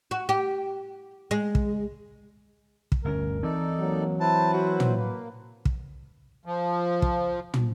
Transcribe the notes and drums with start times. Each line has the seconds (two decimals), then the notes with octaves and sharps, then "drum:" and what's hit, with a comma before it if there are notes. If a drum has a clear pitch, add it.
0.11 F#4
0.29 G4
1.31 G#3
1.55 drum: kick
2.92 drum: kick
3.05 G1 D2 C#4 A#4
3.43 E3 C4 D#4 A4 D5
3.80 F#3 A#3
4.20 E4 B4 C5 A5
4.53 F#4
4.80 drum: tom
4.97 A#3 B4
5.65 drum: kick
6.45 F3
7.02 drum: kick
7.54 drum: tom